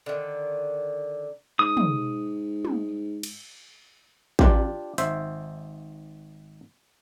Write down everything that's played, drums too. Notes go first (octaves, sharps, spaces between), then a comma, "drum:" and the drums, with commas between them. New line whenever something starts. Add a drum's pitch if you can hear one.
D3 D#3
G#2 D#6
drum: tom
drum: tom
drum: cymbal
D4 F4 G4, drum: kick A1
G#1 C5 E5, drum: hi-hat